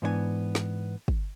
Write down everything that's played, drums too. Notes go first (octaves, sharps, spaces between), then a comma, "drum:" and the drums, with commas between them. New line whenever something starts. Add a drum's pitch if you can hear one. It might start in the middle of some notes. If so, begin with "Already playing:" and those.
G#2 E3 B3 D4 C5 G#5
drum: snare
drum: kick